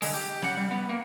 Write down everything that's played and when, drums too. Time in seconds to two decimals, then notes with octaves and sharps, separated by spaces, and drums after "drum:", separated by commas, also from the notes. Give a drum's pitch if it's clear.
0.02 D3 G#3, drum: open hi-hat
0.14 G4
0.42 C#3 F#5, drum: snare
0.57 G3
0.71 B3
0.89 A#3